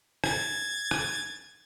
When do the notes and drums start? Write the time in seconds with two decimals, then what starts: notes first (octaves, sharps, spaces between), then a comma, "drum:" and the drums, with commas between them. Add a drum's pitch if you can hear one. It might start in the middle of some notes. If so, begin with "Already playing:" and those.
0.24 G#6 A6, drum: rim click
0.91 drum: rim click